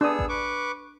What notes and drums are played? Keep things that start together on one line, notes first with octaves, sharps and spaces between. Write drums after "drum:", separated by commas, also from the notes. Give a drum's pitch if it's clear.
B3 D4 G#4 D#6 E6
drum: kick A1
B4 C#6 D6